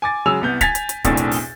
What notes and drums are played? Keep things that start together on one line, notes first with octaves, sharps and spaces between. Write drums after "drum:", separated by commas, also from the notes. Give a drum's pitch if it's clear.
G#5 D6 A6
C#3 F#3 G#3 G#5 E6 F7
C2 B3 G6
G#5 G#6 A6 B6 F7, drum: kick D1, hi-hat
drum: hi-hat
drum: hi-hat
B1 E2 A2 C4 D4 A6, drum: kick D1, hi-hat
drum: hi-hat
drum: open hi-hat